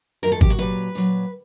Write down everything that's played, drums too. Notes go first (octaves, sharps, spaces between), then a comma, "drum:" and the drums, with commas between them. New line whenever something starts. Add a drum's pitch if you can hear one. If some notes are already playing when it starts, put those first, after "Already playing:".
F#2 D#3 F#3 A#4
A4
G4, drum: kick G#1
F#4
A#2 F#3 B4
A#2 F#3